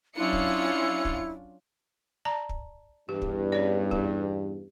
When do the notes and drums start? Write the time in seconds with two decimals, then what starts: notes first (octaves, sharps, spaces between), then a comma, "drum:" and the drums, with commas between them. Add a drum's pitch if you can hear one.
0.17 F#3 C#4 D4 E4 F4 C#7
0.33 drum: kick
1.05 drum: kick
2.25 D5 A5 A#5
2.49 drum: kick
3.09 E2 G2 G4
3.22 drum: kick
3.52 C#4 C#5 D5
3.91 G4, drum: kick